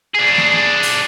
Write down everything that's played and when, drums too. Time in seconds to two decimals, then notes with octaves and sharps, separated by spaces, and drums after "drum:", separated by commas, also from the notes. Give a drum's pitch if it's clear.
0.14 D4 G#4
0.37 drum: snare
0.83 drum: open hi-hat